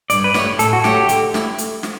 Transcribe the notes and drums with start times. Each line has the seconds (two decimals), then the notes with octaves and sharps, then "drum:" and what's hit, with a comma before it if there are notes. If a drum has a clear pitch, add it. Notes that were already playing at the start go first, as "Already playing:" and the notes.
0.10 G2 D5, drum: hi-hat
0.24 B4
0.34 F#3 A3 E4 G4 C#5, drum: snare
0.59 A2 A4, drum: hi-hat
0.73 F#4
0.84 F#3 A3 G4, drum: snare
1.09 D3, drum: hi-hat
1.34 A3 E4, drum: snare
1.58 drum: hi-hat
1.83 drum: snare